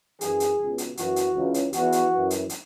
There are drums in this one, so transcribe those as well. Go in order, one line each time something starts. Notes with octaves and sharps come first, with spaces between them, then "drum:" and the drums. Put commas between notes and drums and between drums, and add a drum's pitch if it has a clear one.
F#2 E3 G#4, drum: hi-hat
drum: hi-hat
C#2 B2
drum: hi-hat
F#2 E3 F#4, drum: hi-hat
drum: hi-hat
C#2 C#3 E3
drum: hi-hat
E2 E3 F#4, drum: hi-hat
drum: hi-hat
F#2 E3
drum: hi-hat
drum: hi-hat